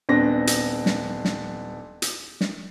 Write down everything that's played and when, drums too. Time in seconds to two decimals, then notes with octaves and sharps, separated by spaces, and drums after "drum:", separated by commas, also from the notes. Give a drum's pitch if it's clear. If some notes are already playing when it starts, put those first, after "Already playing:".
0.09 D#1 B3 C4 D4 A#6
0.47 drum: hi-hat
0.86 drum: snare
1.25 drum: snare
2.02 drum: hi-hat
2.41 drum: snare